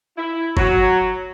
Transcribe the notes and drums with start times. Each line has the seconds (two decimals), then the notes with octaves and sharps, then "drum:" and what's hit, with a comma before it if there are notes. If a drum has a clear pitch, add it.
0.16 E4
0.57 F#3, drum: kick F#1